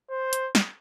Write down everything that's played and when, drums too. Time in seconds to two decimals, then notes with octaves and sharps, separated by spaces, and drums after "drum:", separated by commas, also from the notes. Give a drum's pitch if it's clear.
0.10 C5
0.33 drum: hi-hat
0.55 drum: snare